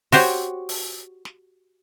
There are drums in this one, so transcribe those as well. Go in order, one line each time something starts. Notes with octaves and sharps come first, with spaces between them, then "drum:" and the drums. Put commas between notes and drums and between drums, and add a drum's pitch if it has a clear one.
F#4 G4 C5 C#5, drum: open hi-hat
drum: open hi-hat
drum: snare